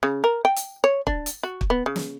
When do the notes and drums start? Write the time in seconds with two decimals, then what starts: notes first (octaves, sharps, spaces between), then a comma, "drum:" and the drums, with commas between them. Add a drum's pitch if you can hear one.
0.03 C#3
0.24 A#4
0.45 G5
0.56 drum: hi-hat
0.84 C#5
1.07 D4, drum: kick
1.26 drum: hi-hat
1.43 F#4
1.61 drum: kick
1.70 B3
1.86 C#3
1.96 drum: snare